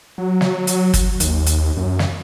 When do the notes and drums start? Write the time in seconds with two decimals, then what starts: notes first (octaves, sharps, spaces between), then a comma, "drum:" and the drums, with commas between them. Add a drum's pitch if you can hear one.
0.18 F#3
0.41 drum: snare
0.67 drum: hi-hat
0.94 drum: kick, hi-hat
1.20 D#2, drum: hi-hat
1.46 drum: hi-hat
1.77 F#2
1.99 drum: snare